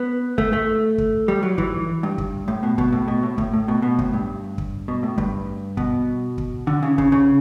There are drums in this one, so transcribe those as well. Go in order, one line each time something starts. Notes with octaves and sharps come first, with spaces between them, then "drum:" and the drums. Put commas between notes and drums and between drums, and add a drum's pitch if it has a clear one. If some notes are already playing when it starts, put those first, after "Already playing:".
Already playing: B3
A3, drum: kick
A3
drum: kick
G3
F#3
E3, drum: kick
G2
drum: kick
A2
B2
B2, drum: kick
A2
B2
A2
A2, drum: kick
A2
B2
B2
A2, drum: kick
G2
drum: kick
B2
A2
G2, drum: kick
B2, drum: kick
drum: kick
D3
C#3
C#3, drum: kick
C#3